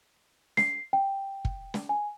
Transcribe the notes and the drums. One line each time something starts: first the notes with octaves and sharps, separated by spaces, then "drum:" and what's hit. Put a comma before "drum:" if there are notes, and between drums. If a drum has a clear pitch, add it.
C7, drum: snare
G5
drum: kick
drum: snare
G#5